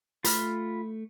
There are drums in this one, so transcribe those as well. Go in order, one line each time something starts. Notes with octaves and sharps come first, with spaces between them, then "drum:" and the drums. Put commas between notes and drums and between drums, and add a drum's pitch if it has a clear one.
A3 F4 B5 F6, drum: hi-hat